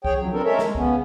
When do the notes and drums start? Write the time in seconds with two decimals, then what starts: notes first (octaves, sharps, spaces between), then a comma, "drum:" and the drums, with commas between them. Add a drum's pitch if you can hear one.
0.05 G#4 C#5 G5, drum: kick C2
0.17 F2 C#3 F#3
0.33 B3 C4 D4 A4 A#4
0.44 G#3 C#4 A4 A#4 C#5 E5
0.59 G#3, drum: snare
0.75 C#3 B3 C#4, drum: kick C2